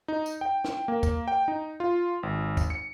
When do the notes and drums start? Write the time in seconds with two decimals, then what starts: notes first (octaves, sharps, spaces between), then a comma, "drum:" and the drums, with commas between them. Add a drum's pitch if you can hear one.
0.08 D#4
0.26 drum: tambourine
0.41 G5
0.64 drum: snare
0.88 A#3
1.03 drum: kick, tambourine
1.28 G5
1.48 D#4
1.80 F4
2.23 G#1
2.57 drum: kick, tambourine
2.70 C#7